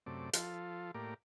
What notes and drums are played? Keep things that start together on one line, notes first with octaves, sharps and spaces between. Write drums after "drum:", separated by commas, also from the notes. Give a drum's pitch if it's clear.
F#2 C3 A3 D5
F3 F4 A4, drum: hi-hat
A2 A#3 G4 A#4 D5